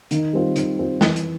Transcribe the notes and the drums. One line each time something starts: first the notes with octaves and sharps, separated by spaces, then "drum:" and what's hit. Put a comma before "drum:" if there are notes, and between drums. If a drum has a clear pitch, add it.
D#3, drum: hi-hat
G3 C4 F4
D#3, drum: hi-hat
G3 C4 F4
E3, drum: snare
drum: hi-hat